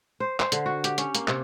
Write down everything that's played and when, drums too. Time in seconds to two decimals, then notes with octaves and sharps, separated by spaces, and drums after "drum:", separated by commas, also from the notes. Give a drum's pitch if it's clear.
0.20 C5
0.40 C5, drum: clap
0.52 D3, drum: hi-hat
0.66 F#4
0.84 G4, drum: hi-hat
0.98 C#4, drum: hi-hat
1.15 A#3, drum: hi-hat
1.28 C3, drum: clap